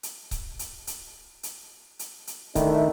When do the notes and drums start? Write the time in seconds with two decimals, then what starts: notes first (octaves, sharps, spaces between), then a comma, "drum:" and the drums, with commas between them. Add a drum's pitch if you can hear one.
0.03 drum: hi-hat
0.31 drum: kick C#1, hi-hat
0.59 drum: hi-hat
0.87 drum: hi-hat
1.43 drum: hi-hat
1.99 drum: hi-hat
2.27 drum: hi-hat
2.55 D#3 A3 D4 E4, drum: kick C#1, hi-hat